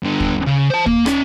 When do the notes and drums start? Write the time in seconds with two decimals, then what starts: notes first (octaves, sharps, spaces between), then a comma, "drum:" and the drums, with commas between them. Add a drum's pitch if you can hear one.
0.03 G2 D3
0.20 drum: kick
0.47 C#3
0.70 C5 A5
0.86 A#3, drum: kick
1.06 C#4 D5, drum: rim click